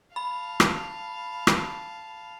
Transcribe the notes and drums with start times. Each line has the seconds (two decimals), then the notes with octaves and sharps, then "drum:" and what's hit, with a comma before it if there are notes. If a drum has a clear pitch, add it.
0.16 F5 A5 B5
0.60 drum: rim click
1.47 drum: rim click